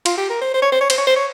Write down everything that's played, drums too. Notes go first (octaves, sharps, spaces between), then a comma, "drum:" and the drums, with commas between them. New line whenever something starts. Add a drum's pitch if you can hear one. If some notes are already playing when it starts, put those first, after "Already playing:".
F4, drum: cymbal
G4
A#4
C5
C5
C#5
C5
C#5
C5, drum: cymbal
C#5
C5
C#5